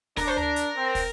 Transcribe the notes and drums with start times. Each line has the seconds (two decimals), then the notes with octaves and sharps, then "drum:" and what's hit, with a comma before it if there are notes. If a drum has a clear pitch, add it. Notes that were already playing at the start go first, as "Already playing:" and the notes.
0.17 D4 A#4, drum: kick, open hi-hat
0.27 C5
0.37 A#4, drum: tom D2
0.56 drum: hi-hat
0.75 C4
0.95 drum: kick, open hi-hat